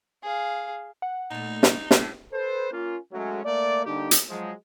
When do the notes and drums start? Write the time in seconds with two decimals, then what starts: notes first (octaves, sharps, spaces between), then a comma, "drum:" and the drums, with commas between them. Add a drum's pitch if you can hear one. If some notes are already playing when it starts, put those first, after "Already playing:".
0.23 G#4 F5
1.02 F#5
1.31 A#2 A3 D#4
1.63 drum: snare
1.91 A2 G4 A4, drum: snare
2.33 A4 B4 C5
2.72 A#3 C#4 F4
3.12 F#3 G#3 A3 C#4
3.45 A3 A#3 D5
3.86 D3 G3 A#3 D4 D#4 G4
4.11 drum: hi-hat
4.29 F3 F#3 G#3